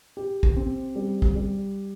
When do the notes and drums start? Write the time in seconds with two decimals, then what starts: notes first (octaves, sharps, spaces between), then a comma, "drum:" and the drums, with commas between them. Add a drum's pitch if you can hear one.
0.17 G4
0.43 drum: kick
0.56 C4
0.96 G3
1.22 drum: kick
1.36 G3